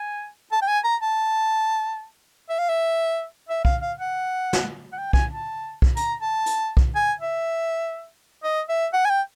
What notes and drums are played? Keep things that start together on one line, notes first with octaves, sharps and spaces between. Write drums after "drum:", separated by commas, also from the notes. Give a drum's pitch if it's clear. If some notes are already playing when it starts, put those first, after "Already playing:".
Already playing: G#5
A5
G5
G#5
A#5
A5
E5
F5
E5
E5
F5, drum: kick
F5
F#5
drum: snare
F#5
G5
G#5, drum: kick
A5
drum: kick
A#5, drum: hi-hat
A5
drum: hi-hat
drum: kick
G#5
E5
D#5
E5
F#5
G#5
G5